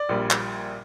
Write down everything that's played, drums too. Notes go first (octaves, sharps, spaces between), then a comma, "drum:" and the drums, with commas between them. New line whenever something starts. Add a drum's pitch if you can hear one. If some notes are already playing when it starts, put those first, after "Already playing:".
Already playing: D5
A#1 A#2 G3
drum: clap